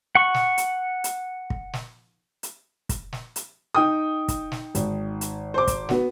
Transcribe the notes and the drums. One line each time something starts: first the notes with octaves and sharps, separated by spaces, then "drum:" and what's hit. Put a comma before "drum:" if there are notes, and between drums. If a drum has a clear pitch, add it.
F#5 C#6
drum: snare
drum: hi-hat
drum: hi-hat
drum: kick
drum: snare
drum: hi-hat
drum: kick, hi-hat
drum: snare
drum: hi-hat
D#4 G5 D#6
drum: kick, hi-hat
drum: snare
G#1, drum: hi-hat
drum: hi-hat
C5 D6
drum: kick, hi-hat
B3 F#4, drum: snare